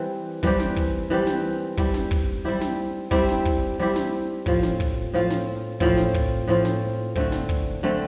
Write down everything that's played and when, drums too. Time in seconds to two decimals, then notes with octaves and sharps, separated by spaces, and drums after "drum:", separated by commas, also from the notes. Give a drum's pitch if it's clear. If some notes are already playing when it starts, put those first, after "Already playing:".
Already playing: E3 G3 C4 G4
0.43 E3 G3 C4 G4, drum: kick
0.60 drum: snare
0.76 drum: kick
1.10 E3 G3 C4 G4
1.27 drum: snare
1.77 G3 C4 E4 G4, drum: kick
1.94 drum: snare
2.11 drum: kick
2.45 G3 C4 E4 G4
2.61 drum: snare
3.11 G3 C4 E4 G4, drum: kick
3.29 drum: snare
3.45 drum: kick
3.80 G3 C4 E4 G4
3.96 drum: snare
4.46 A2 F3 C4 F4, drum: kick
4.63 drum: snare
4.80 drum: kick
5.14 A2 F3 C4 F4
5.30 drum: snare
5.80 A2 F3 C4 F4, drum: kick
5.98 drum: snare
6.14 drum: kick
6.48 A2 F3 C4 F4
6.65 drum: snare
7.16 D3 A3 C4, drum: kick
7.32 drum: snare
7.49 drum: kick
7.83 D3 A3 C4